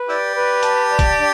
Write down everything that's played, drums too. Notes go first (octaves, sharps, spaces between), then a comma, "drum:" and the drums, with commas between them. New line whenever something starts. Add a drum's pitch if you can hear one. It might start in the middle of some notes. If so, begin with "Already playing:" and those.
Already playing: B4
E4 G4 D5
B4
A5, drum: hi-hat
D5
drum: kick, hi-hat
D4